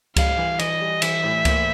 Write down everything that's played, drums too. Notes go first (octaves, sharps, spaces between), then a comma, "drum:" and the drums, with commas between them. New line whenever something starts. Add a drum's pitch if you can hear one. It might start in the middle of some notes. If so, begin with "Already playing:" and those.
G3 F5, drum: kick C#2, cymbal
E3
E3 D#5, drum: cymbal
G3
E3 E5, drum: cymbal
A2
A#3, drum: kick C#2, cymbal